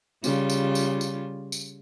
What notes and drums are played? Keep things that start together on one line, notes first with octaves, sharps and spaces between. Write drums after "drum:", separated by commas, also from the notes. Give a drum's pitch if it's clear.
C#3 G3 F4, drum: tambourine
drum: tambourine
drum: tambourine
drum: tambourine
drum: tambourine